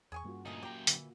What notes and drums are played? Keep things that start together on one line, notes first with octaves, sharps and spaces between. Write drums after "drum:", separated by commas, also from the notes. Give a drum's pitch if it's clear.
E2 G#4 G#5 C#6
G2 G3 A#3 C#4 F4 F#4
D2 A#2 F3 D#4 G#4
F#2 G4 G5 A#5
D3 E3, drum: hi-hat